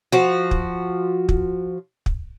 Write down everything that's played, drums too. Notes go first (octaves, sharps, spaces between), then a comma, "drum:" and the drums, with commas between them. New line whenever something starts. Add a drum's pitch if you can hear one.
F3 F#4
drum: kick
drum: kick
drum: kick